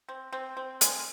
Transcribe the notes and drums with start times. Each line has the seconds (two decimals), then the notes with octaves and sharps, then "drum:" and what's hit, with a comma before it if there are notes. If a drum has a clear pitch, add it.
0.09 C4
0.33 C4
0.57 C4
0.81 G#3, drum: hi-hat